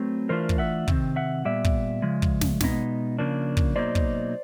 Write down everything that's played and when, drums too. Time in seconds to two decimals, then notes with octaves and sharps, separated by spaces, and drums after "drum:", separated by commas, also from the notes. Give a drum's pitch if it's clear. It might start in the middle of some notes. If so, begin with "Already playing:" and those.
Already playing: F#3 A3 C4 A4 B4
0.29 E3 A3 D4 F4 A#4 C5
0.49 drum: kick
0.58 E5 F#5
0.88 C3 D#3 C4, drum: kick
1.16 E5 F#5
1.45 A#2 G3 B3 D5 E5
1.64 drum: kick
2.02 C#3 F3 G#3
2.22 drum: kick
2.41 drum: snare
2.61 B2 G#3 B3 D#4, drum: snare
3.19 C#3 F3 A#3 D4
3.57 drum: kick
3.76 B2 F#3 A#3 D#4 C5 D5
3.95 drum: kick